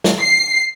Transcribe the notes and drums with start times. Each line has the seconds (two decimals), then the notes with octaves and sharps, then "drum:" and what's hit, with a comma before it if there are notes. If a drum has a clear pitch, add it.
0.04 drum: snare
0.21 C7